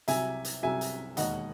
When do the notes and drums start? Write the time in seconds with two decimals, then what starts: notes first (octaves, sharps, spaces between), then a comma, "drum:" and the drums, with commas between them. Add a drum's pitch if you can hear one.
0.08 C2 C3 F#3 E5 G#5, drum: hi-hat
0.44 drum: hi-hat
0.63 C2 C3 F#3 E5 G#5
0.81 drum: hi-hat
1.17 E1 D#2 D#3 D#5 F#5, drum: hi-hat